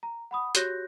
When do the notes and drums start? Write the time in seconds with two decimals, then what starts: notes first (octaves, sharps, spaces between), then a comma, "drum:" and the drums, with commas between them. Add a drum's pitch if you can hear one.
0.03 A#5
0.31 F#5 B5 D#6
0.55 F#4 G4 C#5 F#6 G6 A#6, drum: hi-hat